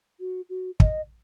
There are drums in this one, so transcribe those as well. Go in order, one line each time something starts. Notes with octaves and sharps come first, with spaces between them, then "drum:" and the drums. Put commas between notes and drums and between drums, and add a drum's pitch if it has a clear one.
F#4
F#4
D#5, drum: kick